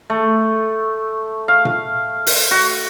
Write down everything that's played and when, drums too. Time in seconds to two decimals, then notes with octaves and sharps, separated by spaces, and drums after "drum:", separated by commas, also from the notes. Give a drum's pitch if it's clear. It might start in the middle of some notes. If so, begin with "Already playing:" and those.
0.10 A3
1.48 F5
1.65 drum: tom A#2
2.26 drum: open hi-hat
2.51 F#4